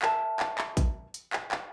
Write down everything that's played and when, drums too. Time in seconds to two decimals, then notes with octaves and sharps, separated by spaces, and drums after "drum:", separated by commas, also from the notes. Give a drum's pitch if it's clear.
0.02 A#4 E5 A5, drum: clap
0.40 drum: clap
0.58 drum: clap
0.77 drum: kick, hi-hat
1.14 drum: hi-hat
1.33 drum: clap
1.51 drum: clap